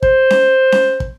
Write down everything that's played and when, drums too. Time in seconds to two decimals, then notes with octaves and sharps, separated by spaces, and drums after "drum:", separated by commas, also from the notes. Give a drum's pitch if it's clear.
0.03 C5, drum: kick
0.30 drum: snare C#4
0.72 drum: snare C#4
1.00 drum: kick